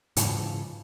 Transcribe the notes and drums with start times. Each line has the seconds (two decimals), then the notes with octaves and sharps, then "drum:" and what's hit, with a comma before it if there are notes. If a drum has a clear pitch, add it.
0.16 G#2 C#3 E3 F3, drum: hi-hat